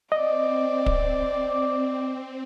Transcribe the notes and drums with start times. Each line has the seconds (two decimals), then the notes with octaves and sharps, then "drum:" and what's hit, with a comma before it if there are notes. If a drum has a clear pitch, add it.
0.12 C4 D5 D#5
0.86 drum: kick